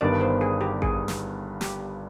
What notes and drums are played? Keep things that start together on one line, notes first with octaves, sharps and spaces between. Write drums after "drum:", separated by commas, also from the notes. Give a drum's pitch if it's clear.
G1 G2 D#3 B3 D4 D5
C5
G#4
G4
G#4, drum: kick A1
drum: snare
G4, drum: snare